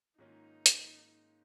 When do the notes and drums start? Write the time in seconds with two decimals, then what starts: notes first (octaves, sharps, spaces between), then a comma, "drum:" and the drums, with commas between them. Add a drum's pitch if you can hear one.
0.18 G#2 D#3 A#3 C#4 D#4 F4
0.66 drum: hi-hat